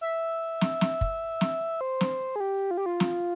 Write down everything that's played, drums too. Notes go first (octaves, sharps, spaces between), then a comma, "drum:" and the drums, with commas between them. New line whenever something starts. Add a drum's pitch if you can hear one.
E5
drum: snare
drum: snare
drum: kick
drum: snare
C5
drum: snare
G#4
G4
F4
G4
F4
drum: snare